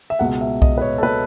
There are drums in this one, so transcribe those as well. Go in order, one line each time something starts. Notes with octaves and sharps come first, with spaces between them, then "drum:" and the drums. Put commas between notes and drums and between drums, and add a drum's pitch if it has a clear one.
E5
C#2 B2 F#5
E5
D#5, drum: kick B1
B4
C#5
A4
B2 B4